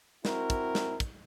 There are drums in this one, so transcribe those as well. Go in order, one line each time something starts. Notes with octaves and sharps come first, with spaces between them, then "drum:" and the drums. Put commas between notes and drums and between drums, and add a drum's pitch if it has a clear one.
C4 E4 F#4 A#4, drum: snare
drum: kick, hi-hat
drum: snare
drum: kick, hi-hat